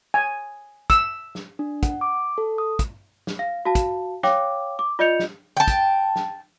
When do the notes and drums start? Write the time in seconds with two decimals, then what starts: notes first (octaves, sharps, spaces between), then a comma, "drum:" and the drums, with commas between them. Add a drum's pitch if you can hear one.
0.14 G#5
0.90 E6, drum: kick, hi-hat
1.35 drum: snare
1.59 D4
1.83 F#5, drum: kick, hi-hat
2.01 D6
2.38 A4
2.58 D#6
2.79 drum: kick, hi-hat
3.27 drum: snare
3.39 F5
3.65 F#4 F5 A5
3.75 drum: kick, hi-hat
4.23 C#5 F5 G5 D6, drum: snare
4.79 D6
4.99 F4 D5 D#5 G6 C#7 F7
5.19 drum: snare
5.57 G5 A5
5.68 drum: kick, hi-hat
6.16 drum: snare